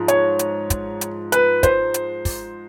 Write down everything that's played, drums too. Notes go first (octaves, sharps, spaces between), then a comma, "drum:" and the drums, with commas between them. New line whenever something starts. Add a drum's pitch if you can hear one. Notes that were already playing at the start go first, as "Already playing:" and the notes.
Already playing: G#2 F3
C#5, drum: hi-hat
drum: hi-hat
drum: kick, hi-hat
drum: hi-hat
B4, drum: hi-hat
C5, drum: kick, hi-hat
drum: hi-hat
drum: kick, open hi-hat